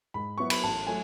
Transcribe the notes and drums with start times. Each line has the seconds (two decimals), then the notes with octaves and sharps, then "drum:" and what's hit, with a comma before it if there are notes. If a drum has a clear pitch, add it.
0.14 G#2 B5
0.38 F#3 B3 E4 C#6
0.50 B5, drum: cymbal
0.63 A1 A5
0.87 F#3 A3 G#5